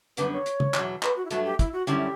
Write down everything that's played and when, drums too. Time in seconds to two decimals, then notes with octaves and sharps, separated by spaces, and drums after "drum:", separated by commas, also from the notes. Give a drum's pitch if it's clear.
0.17 F#2 D3 G3 B3 B4, drum: hi-hat
0.32 C#5
0.46 drum: hi-hat
0.60 drum: tom
0.74 E2 B2 F#3, drum: clap
1.03 B4, drum: clap
1.16 F#4
1.25 E4
1.31 G2 F#3 A3 F#4, drum: hi-hat
1.45 G4
1.59 E4, drum: kick, hi-hat
1.73 F#4
1.87 F#2 D3 G3 C#4 E4 G4, drum: hi-hat